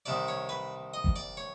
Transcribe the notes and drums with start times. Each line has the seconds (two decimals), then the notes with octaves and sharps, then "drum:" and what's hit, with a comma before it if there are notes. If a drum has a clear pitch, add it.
0.06 C2 C3 D#3 D5
0.28 C#5
0.49 B4
0.94 D#5
1.04 drum: kick
1.16 D5
1.37 C#5